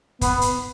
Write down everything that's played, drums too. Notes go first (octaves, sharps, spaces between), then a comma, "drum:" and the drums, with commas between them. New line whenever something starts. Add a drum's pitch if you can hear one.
B3, drum: kick, hi-hat
drum: hi-hat